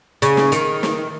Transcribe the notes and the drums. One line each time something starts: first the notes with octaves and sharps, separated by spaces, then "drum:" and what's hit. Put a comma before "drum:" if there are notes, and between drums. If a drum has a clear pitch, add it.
C#3, drum: hi-hat
drum: snare
D#3, drum: hi-hat
drum: snare